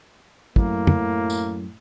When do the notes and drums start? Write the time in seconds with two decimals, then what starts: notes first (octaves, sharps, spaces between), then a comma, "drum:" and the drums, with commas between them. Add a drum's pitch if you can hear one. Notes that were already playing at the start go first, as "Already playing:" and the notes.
0.56 F#2 A2 A#3, drum: kick
0.87 drum: tom
1.30 drum: tambourine